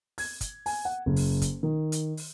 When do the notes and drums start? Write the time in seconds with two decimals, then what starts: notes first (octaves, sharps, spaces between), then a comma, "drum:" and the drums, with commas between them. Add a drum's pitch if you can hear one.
0.18 G#6, drum: open hi-hat
0.41 drum: kick, hi-hat
0.66 G#5, drum: open hi-hat
0.85 F#5
1.06 F#1
1.16 drum: open hi-hat
1.42 drum: kick, hi-hat
1.63 D#3
1.92 drum: hi-hat
2.17 drum: open hi-hat